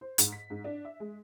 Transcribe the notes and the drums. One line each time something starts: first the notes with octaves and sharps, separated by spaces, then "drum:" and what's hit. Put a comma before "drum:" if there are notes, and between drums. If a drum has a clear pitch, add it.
C5
G#2, drum: hi-hat
B6
G#2
D4
E5
G#3